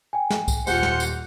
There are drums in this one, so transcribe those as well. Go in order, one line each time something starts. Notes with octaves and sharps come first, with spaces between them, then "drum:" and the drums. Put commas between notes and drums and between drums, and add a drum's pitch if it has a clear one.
G5 G#5
drum: snare
drum: kick C2, tambourine
D#1 F4 C5 F#5 C6 C#7, drum: tambourine
drum: snare
drum: tambourine